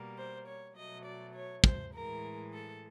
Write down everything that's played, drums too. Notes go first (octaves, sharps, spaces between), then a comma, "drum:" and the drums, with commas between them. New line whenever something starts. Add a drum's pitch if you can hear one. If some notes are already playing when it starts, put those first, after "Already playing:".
Already playing: B2 G3 A#3
C5
C#5
B2 F#3 A3 D#5
D5
C#5
C5, drum: kick
A2 E3 G#3 A#4
A4